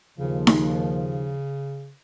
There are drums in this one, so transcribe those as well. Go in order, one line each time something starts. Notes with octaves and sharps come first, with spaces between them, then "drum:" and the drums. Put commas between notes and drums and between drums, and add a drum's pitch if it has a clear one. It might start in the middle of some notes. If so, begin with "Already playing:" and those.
D#2 C#3 F3
drum: snare D#4